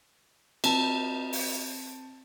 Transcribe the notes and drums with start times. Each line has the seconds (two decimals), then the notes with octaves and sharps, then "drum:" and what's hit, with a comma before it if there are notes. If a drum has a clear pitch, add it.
0.64 C4 A5, drum: cymbal
1.33 drum: open hi-hat